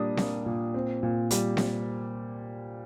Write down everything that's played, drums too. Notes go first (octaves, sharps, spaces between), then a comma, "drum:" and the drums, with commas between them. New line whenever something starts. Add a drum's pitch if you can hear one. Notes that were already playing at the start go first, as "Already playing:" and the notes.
Already playing: A#2 G3 A#3 D4 D#6
A#3, drum: snare C4
A#2
C4
A#2
G3, drum: hi-hat
drum: snare C4